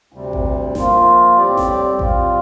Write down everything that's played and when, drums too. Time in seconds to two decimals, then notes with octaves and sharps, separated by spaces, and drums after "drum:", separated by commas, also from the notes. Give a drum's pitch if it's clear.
0.12 D2 C3 G3
0.33 drum: kick A1
0.75 F3 A#3 F4, drum: snare G#1
1.37 A2 G3 C4 G4 D5
1.57 drum: snare G#1
1.99 G3 C4 F4, drum: kick A1